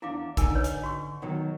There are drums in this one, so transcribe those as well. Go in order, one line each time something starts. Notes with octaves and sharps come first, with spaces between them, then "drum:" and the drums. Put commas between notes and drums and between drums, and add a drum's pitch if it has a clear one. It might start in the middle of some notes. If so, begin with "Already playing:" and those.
E2 D4 E4 F5 D6
D3 D#4 A#4 G#5, drum: kick A1, hi-hat
B4 C#5 D#5
drum: hi-hat
F#4 C#6
B2 D#3 F#3